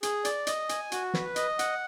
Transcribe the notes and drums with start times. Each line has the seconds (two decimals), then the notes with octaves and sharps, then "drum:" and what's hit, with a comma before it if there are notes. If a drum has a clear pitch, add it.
0.03 G#4, drum: hi-hat
0.25 D5, drum: hi-hat
0.47 D#5, drum: hi-hat
0.69 G#5, drum: hi-hat
0.92 F#4, drum: hi-hat
1.14 B4, drum: snare
1.36 D#5, drum: hi-hat
1.59 F#5, drum: hi-hat